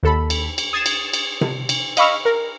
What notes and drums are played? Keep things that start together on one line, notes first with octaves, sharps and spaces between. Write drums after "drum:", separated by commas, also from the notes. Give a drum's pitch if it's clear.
D#2 A4 B5
drum: cymbal
drum: cymbal
D#6 G#6 A6 C7 E7
drum: cymbal
drum: cymbal
drum: tom C3
drum: cymbal
D#5 F5 B5 C#6 E6 F6, drum: cymbal
A#4